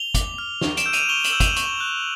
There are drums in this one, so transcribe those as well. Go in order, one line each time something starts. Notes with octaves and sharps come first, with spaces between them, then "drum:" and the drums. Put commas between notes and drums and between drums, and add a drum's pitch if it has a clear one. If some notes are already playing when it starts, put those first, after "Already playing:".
Already playing: F7 G7
D6, drum: kick, hi-hat
F6
C#6, drum: snare
D7 E7, drum: hi-hat
E6 G6
D#7 F7, drum: hi-hat
C#6 F7 G7
E7 F#7, drum: hi-hat
E6 G6
D#7 F7, drum: kick, hi-hat
C#6, drum: hi-hat
F#6